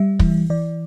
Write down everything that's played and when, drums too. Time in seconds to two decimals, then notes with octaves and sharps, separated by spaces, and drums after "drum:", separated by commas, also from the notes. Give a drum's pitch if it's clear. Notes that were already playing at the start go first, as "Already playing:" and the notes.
Already playing: G3 E5
0.19 E3, drum: kick
0.50 E3 D5